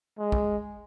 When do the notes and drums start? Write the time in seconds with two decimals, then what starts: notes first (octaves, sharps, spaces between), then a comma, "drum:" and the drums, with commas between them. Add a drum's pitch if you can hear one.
0.18 G#3
0.32 drum: kick